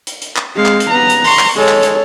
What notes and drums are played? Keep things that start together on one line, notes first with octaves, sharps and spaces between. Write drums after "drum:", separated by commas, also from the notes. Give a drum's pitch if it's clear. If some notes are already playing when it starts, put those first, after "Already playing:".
drum: hi-hat
drum: hi-hat
drum: clap
G#3 C4 F5
drum: clap
drum: hi-hat
B3 A#5
drum: hi-hat
C6 C#6, drum: open hi-hat
drum: clap
G#3 A4 C#5
drum: clap
drum: hi-hat